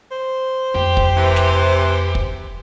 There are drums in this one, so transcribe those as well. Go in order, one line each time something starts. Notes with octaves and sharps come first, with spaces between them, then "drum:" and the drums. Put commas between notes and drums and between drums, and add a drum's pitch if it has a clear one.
C5
F2 A3 G4
drum: kick
C3 E3
drum: snare
drum: kick